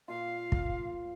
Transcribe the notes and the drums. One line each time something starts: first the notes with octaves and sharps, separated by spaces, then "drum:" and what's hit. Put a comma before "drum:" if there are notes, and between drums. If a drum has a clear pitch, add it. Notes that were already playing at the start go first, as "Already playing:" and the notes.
A#2 F4 F5
drum: kick